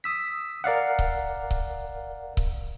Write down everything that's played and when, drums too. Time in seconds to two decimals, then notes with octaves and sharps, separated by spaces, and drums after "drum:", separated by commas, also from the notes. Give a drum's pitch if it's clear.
0.04 D#6 E6 B6
0.64 A#4 D5 F5 F#5
0.99 drum: kick C#1
1.51 drum: kick C#1
2.37 drum: kick C#1